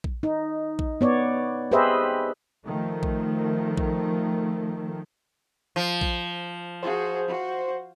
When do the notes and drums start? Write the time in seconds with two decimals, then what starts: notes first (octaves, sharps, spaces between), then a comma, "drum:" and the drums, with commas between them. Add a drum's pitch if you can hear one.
0.04 drum: kick A#1
0.23 D#4
0.79 drum: kick A#1
1.01 B3 C#5 D5
1.72 G4 G#4 B4 C5 D#5 E5
2.65 D#3 F3 A3
3.03 drum: kick A#1
3.77 drum: kick A#1
5.76 F3
6.01 drum: kick A#1
6.83 F#4 G#4 C5
7.28 F#4